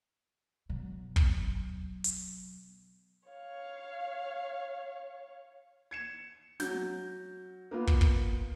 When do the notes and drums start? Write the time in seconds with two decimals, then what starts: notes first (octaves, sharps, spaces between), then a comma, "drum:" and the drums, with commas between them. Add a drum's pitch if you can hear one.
0.69 B2 F#3
1.16 drum: kick
2.04 drum: hi-hat
3.29 C#5 F5
5.91 G#6 C#7 E7
6.60 F#3 G6, drum: snare
7.71 A#3 B3 F4
7.87 drum: kick
8.01 drum: kick